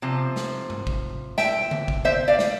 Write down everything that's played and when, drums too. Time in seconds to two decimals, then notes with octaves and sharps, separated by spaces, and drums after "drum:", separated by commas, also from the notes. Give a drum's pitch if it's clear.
0.02 C3 F3
0.36 drum: snare
0.70 drum: tom G2
0.87 drum: kick
1.38 E5 G5, drum: snare
1.71 drum: tom D3
1.88 drum: kick
2.05 C5 E5
2.28 D5 F5
2.39 drum: snare